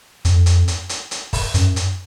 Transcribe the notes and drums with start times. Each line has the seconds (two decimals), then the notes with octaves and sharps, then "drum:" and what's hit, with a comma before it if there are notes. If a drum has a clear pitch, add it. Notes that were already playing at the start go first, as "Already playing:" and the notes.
0.25 F2, drum: hi-hat
0.46 drum: hi-hat
0.68 drum: hi-hat
0.89 drum: hi-hat
1.11 drum: hi-hat
1.33 drum: kick, open hi-hat
1.54 F#2, drum: hi-hat
1.76 drum: hi-hat